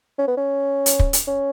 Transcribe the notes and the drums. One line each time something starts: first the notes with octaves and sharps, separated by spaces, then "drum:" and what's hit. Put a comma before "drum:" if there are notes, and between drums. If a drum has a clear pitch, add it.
C#4
B3
C#4
drum: hi-hat
drum: kick
drum: hi-hat
C#4